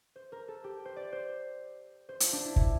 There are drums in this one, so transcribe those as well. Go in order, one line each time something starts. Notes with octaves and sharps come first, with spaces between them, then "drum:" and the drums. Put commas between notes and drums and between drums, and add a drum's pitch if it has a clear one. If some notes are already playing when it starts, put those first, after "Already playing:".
C5
A#4
A4
G4
C5
D5
C5
C5
F4, drum: hi-hat
D4
E4
E4, drum: kick